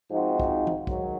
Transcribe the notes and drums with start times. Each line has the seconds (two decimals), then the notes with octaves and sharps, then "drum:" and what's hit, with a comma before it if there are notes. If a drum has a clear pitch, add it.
0.10 G#2 F3 C4 D#4 F#4
0.40 drum: kick
0.67 drum: tom E3
0.87 G#2 D#3 F#3, drum: kick